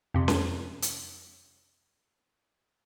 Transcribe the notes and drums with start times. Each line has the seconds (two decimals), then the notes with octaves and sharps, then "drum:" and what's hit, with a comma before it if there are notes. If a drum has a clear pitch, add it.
0.14 F2 C3
0.28 drum: snare C#4
0.82 drum: hi-hat